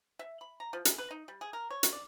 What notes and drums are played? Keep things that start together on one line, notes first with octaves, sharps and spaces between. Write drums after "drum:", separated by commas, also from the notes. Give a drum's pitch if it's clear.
E5
B5
A#5
F3
G#3, drum: hi-hat
B4
D#4
G3
G#4
A#4
C#5
drum: hi-hat
D5